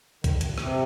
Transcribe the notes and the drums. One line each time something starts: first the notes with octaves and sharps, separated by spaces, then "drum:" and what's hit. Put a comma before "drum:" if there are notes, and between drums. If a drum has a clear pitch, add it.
D#3, drum: kick, hi-hat
D3
C3, drum: hi-hat
A#2
C3, drum: rim click